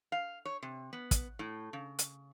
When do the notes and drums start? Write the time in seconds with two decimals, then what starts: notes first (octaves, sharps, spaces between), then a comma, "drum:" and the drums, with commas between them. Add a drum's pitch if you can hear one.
0.12 F5
0.45 C#5
0.63 C3
0.93 B3
1.11 drum: kick, hi-hat
1.39 A2
1.73 C#3
1.99 drum: hi-hat